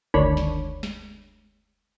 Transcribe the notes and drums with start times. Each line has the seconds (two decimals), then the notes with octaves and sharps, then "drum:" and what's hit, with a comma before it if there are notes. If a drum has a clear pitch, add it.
0.14 D2 D#3 D4 C#5 B5, drum: kick F#1
0.37 drum: snare
0.83 drum: snare